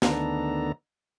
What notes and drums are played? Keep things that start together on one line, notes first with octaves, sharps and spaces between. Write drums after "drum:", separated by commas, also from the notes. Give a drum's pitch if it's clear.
D2 D#3 B3 D4 A4 A#5, drum: snare